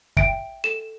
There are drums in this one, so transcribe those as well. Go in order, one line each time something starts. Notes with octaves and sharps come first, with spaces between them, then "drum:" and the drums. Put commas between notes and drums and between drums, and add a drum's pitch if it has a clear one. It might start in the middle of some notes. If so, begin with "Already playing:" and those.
E5 G5 D7, drum: kick
A4 E7